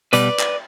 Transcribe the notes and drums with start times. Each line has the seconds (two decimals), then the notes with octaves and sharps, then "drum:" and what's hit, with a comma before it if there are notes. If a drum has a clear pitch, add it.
0.13 B2 G3 B4 D5, drum: hi-hat
0.39 drum: clap